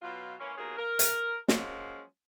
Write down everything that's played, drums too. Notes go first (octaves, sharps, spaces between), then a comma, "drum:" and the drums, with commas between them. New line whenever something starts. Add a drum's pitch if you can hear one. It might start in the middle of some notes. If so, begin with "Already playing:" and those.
B2 F#3 F4
E3 G#3 A#3 C#4
D#2 B2 F#3 F4 G#4 A#4
A#4
drum: hi-hat
F3 F#3 G#3 A#3 C#4, drum: snare